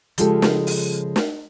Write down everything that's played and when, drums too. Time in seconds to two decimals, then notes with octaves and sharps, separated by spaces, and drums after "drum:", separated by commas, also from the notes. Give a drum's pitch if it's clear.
0.18 C#3 F3 G#3 F4 G4 A4, drum: hi-hat
0.42 drum: snare
0.67 drum: open hi-hat
1.16 drum: snare